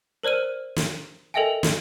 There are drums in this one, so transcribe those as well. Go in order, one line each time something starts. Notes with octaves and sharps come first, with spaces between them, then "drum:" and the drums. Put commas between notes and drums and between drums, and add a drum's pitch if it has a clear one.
A#4 C5 D5 F6 D#7
drum: snare
A4 A#4 D#5 E5 G5 G#5
drum: snare